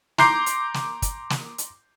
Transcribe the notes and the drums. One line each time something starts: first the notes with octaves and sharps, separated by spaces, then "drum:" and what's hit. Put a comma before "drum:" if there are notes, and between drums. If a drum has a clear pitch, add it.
A#5 C6 D6 G6 C7, drum: snare
drum: hi-hat
drum: snare
drum: kick, hi-hat
drum: snare
drum: hi-hat